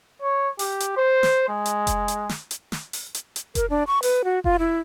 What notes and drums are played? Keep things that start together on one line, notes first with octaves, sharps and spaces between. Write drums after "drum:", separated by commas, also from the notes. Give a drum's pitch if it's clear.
C#5
G4, drum: open hi-hat
drum: hi-hat
C5
drum: snare
G#3
drum: hi-hat
drum: kick F1, hi-hat
drum: hi-hat
drum: snare
drum: hi-hat
drum: snare
drum: open hi-hat
drum: hi-hat
drum: hi-hat
A#4, drum: kick F1, hi-hat
D4
C#6
B4, drum: open hi-hat
F#4
F4, drum: kick F1
E4